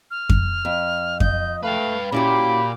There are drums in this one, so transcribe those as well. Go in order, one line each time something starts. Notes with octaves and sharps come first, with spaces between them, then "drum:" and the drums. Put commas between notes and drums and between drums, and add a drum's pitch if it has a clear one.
F6
drum: kick F2
F2
D#5 G6, drum: kick F2
A3 B4 F5 G5
A#2 C#4 E4 F#4 G4 B5 D6